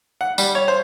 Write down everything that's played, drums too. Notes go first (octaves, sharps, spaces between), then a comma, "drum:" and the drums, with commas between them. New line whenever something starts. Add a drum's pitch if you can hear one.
F#5
G3, drum: tambourine
C#5
C5